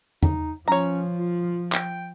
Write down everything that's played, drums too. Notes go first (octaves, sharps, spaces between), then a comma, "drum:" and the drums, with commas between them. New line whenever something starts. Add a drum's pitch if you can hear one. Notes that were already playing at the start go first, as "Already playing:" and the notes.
D#4, drum: tom E2
F3 C#4 C#5 A#5
F4
G5, drum: clap